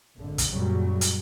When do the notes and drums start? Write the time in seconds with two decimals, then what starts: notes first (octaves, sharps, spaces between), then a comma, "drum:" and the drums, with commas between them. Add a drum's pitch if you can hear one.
0.17 G#1 D3
0.38 drum: kick, hi-hat
0.48 F#2 A#2 C#3 F#3 G3
1.01 drum: hi-hat